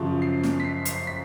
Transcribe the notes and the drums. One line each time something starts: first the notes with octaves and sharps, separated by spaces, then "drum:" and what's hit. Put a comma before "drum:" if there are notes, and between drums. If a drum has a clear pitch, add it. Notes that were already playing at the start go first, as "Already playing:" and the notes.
Already playing: F#2 C#3 F3
C7
drum: snare
B6
C7
C7, drum: hi-hat
B6